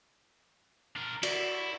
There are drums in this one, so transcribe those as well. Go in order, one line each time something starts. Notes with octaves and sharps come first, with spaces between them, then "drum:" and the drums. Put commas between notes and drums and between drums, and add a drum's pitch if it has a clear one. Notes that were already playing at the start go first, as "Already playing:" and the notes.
D4 A#4
E4 F#4 D5, drum: cymbal